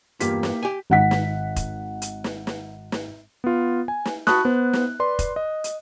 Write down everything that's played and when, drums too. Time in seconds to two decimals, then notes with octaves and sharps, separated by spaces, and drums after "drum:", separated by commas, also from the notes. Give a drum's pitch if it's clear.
0.20 E2 G2 A#3 F4 G4 B6, drum: hi-hat
0.43 drum: snare
0.63 G4 G#5
0.90 G#1 F#5 B6
1.11 drum: snare
1.56 drum: kick F1, hi-hat
2.02 drum: hi-hat
2.24 drum: snare
2.47 drum: snare
2.92 drum: snare
3.44 B3 F4
3.88 G#5
4.05 drum: snare
4.27 F#4 A5 B5 C#6 D#6 F#6, drum: snare
4.45 B3 C5
4.73 drum: snare
5.00 B4 D5 C6
5.19 drum: kick F1, hi-hat
5.36 D#5
5.64 drum: hi-hat